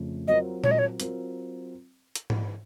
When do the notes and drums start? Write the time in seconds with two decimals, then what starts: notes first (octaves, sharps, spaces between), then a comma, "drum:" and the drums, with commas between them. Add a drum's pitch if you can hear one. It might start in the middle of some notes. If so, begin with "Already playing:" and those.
Already playing: F2 C#3 F3 A3
0.28 F#3 C4 F4 A#4 D#5
0.64 C#5, drum: tom A#2
0.71 D#5
0.79 C#5
1.00 F#3 C4 F4 A#4, drum: hi-hat
2.15 drum: hi-hat
2.30 drum: tom G#2